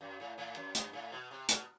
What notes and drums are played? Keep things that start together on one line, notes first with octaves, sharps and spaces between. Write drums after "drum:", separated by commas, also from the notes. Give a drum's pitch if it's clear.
F#2
A2
A2
F#2
G2, drum: hi-hat
A2
B2
C3
B2, drum: hi-hat